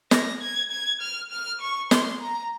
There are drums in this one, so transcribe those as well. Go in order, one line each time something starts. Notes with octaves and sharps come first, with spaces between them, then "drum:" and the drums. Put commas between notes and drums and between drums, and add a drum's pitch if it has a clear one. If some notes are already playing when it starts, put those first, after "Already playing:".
A#6, drum: snare
G#6
G#6
F6
F6
C#6
C6, drum: snare
A#5